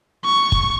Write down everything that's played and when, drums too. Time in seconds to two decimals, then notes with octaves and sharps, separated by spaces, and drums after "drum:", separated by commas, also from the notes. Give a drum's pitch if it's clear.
0.25 C#6
0.52 drum: kick